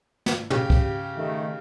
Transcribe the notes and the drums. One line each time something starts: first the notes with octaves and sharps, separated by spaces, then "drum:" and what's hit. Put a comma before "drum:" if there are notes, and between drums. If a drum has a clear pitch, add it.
drum: snare
C#3 G4, drum: tom
drum: kick
D#3 A3